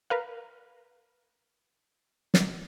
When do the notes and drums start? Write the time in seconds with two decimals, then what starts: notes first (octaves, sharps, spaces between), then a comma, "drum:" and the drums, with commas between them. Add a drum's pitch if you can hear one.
0.10 A#4 B4 F5
2.34 drum: snare